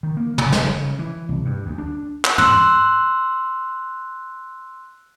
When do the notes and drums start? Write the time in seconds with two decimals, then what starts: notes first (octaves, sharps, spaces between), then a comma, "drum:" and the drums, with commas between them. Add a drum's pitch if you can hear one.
0.03 D#3
0.17 A#3
0.38 C#3, drum: tom
0.52 F#1, drum: snare
0.72 C#3
0.99 E3
1.29 C2
1.45 G2
1.66 D2
1.78 D4
2.25 drum: clap
2.38 C6 E6 F#6, drum: tom